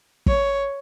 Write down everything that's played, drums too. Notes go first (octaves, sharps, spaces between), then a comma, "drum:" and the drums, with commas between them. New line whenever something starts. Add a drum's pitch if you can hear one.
C#5, drum: kick